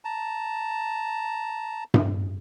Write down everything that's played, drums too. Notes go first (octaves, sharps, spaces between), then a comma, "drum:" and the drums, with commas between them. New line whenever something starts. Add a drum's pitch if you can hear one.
A5 A#5
drum: tom G2